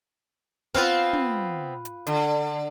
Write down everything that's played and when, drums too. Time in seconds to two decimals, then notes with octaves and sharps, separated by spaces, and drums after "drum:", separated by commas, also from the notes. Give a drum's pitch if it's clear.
0.74 B3 C4 F4 B4 F5, drum: kick
1.13 drum: tom
1.85 drum: hi-hat
2.07 D3, drum: hi-hat